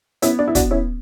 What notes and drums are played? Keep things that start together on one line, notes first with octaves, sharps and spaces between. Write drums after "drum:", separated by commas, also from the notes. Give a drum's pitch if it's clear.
B3 C#4 E4, drum: hi-hat
D4
E4
B3 D4 F#4, drum: kick, hi-hat
C#4 E4